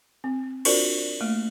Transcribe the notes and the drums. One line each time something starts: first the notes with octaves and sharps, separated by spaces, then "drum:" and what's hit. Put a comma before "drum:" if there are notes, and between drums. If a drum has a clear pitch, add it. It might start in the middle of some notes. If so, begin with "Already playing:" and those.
C4
D4 F4 F#4 A#4 C5 D5, drum: cymbal
A3 A#3